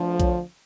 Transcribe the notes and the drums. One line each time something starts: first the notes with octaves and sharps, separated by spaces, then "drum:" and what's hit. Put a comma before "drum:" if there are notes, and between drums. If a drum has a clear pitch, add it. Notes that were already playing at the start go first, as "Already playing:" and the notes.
Already playing: D2 D3 F3
C#5, drum: kick A#1, hi-hat